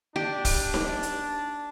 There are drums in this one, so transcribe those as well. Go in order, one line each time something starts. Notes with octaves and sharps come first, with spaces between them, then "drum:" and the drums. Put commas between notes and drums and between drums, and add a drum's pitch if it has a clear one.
D4 G4
drum: kick, open hi-hat
drum: snare D#4
drum: hi-hat